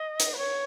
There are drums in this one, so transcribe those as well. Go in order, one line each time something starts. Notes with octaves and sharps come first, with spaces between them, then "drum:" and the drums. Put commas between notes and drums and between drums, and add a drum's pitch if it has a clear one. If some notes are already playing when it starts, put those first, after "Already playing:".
Already playing: D#5
drum: hi-hat
B4
C#5